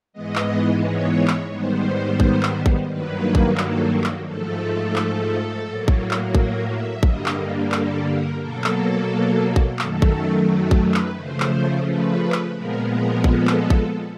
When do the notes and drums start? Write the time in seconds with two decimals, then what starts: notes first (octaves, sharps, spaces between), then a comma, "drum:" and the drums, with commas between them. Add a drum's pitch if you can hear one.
0.13 G#2 E3 G#3 B3 D#5
0.36 drum: clap
0.82 C#5
1.28 drum: clap
1.50 G#2 D#3 G3 B3 C5
2.20 drum: kick A1
2.43 drum: clap
2.66 drum: kick A1
2.89 G2 D#3 F#3 A#3 B4
3.35 drum: kick A1
3.58 A4, drum: clap
4.04 drum: clap
4.27 G#2 F3 A3 A4
4.96 drum: clap
5.66 A2 F#3 A#3
5.88 drum: kick A1
6.11 drum: clap
6.35 A#4, drum: kick A1
6.69 E5
7.03 G2 D3 G3 A#3 D#5, drum: kick A1
7.26 drum: clap
7.72 A4, drum: clap
8.07 A#4
8.41 B2 F#3 A#3 A4
8.64 drum: clap
9.56 drum: kick A1
9.79 F#2 D#3 F#3 A3 A4, drum: clap
10.02 drum: kick A1
10.48 A4
10.71 drum: kick A1
10.83 B4
10.94 drum: clap
11.17 C#3 F3 A3 C5
11.40 drum: clap
11.86 B4
12.32 drum: clap
12.55 A#2 F3 G#3 B3 A#4
12.90 A#4
13.24 A4, drum: kick A1
13.47 drum: clap
13.70 drum: kick A1